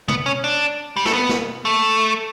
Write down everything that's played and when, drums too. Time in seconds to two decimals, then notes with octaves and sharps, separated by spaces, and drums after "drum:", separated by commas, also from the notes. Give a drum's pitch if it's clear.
0.08 B3, drum: tom
0.26 C#4
0.44 D4
0.97 G3
1.06 A3, drum: snare
1.13 B3
1.29 drum: snare
1.65 A3